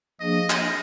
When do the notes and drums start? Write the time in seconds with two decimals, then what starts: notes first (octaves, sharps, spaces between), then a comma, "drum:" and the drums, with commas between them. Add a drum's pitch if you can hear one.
0.20 F3 A#3 D4 G#4 D#5
0.50 drum: clap